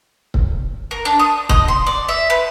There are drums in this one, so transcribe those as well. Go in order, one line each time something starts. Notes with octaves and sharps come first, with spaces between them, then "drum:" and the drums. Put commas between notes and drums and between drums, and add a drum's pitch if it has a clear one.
drum: kick C#1
A#4
D4
D#6
D#5, drum: kick C#1
C6
D5
E5
B4